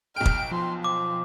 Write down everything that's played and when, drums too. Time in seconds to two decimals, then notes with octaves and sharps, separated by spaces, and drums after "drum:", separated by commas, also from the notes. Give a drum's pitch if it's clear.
0.16 B1 G5 F6 D7
0.25 drum: kick
0.51 F3 C6
0.84 C5 D6